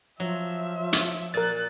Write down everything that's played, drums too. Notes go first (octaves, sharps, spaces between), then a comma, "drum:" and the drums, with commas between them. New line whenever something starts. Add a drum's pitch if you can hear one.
F3 F#3 E5
drum: hi-hat
A#2 A#4 F#6 A6